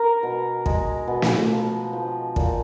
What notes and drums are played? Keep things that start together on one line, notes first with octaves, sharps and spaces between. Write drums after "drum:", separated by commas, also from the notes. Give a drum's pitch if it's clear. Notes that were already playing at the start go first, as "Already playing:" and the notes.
Already playing: A#4
B2
G#3, drum: kick
B2
drum: snare
F3
F3
A#2, drum: kick